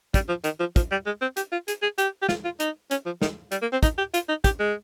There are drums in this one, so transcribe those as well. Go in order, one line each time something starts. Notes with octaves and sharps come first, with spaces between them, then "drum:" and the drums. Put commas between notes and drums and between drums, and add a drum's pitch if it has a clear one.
G3, drum: kick, hi-hat
F3
D#3, drum: hi-hat
F3
F3, drum: kick, hi-hat
G3
G#3
C4
G4, drum: hi-hat
F4
G#4, drum: hi-hat
G#4
G4, drum: hi-hat
G4
F4, drum: snare
F4
D#4, drum: hi-hat
C#4, drum: hi-hat
F3
D#3, drum: snare
G3, drum: hi-hat
A#3
C4
D#4, drum: kick, hi-hat
G4
F4, drum: hi-hat
D#4
G4, drum: kick, hi-hat
G#3